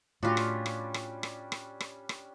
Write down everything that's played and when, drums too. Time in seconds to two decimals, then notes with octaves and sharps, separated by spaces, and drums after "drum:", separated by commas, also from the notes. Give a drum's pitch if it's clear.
0.23 A2 G3 C#4 D4 F4 F#4
0.37 drum: rim click
0.66 drum: rim click
0.94 drum: rim click
1.23 drum: rim click
1.52 drum: rim click
1.80 drum: rim click
2.09 drum: rim click